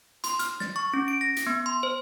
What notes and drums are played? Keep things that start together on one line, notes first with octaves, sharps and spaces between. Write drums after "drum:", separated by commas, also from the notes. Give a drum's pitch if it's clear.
C6, drum: hi-hat
F6, drum: hi-hat
A6, drum: snare
C#6
C#4
D7
A#6
drum: hi-hat
B3
C6
C5